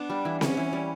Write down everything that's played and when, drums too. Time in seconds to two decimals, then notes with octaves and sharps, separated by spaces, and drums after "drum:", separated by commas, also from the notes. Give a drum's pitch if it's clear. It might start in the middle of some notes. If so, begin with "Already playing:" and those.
Already playing: B3 D4
0.10 G3
0.25 E3
0.41 E3 C#4, drum: snare C4
0.57 E3
0.73 G3